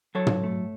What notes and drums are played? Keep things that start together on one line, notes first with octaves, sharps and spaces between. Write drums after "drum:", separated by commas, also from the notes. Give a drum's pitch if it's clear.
F#3 A4 C#5
drum: tom
A3